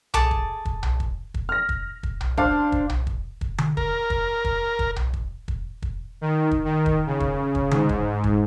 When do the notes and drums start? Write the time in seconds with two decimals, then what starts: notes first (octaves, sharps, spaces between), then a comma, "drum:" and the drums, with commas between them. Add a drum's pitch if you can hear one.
0.14 G#4 A4 A5 D6, drum: tom B1
0.31 drum: kick
0.65 drum: kick
0.83 drum: tom B1
1.00 drum: kick
1.34 drum: kick
1.49 F6 A#6
1.69 drum: kick
2.03 drum: kick
2.21 drum: tom B1
2.37 D4 C5 D5 F5, drum: kick
2.72 drum: kick
2.89 drum: tom B1
3.07 drum: kick
3.41 drum: kick
3.58 drum: tom D3
3.77 A#4, drum: kick
4.10 drum: kick
4.45 drum: kick
4.79 drum: kick
4.96 drum: tom B1
5.14 drum: kick
5.48 drum: kick
5.82 drum: kick
6.21 D#3
6.51 drum: kick
6.65 D#3
6.86 drum: kick
7.06 C#3
7.20 drum: kick
7.55 drum: kick
7.71 G#2, drum: tom D3
7.89 drum: kick
8.24 drum: kick